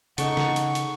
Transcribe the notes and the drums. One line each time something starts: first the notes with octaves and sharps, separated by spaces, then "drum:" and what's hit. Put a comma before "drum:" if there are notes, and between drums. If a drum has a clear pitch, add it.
C#3 D#4 A4 F#5 C#6, drum: hi-hat
drum: snare
drum: hi-hat
drum: hi-hat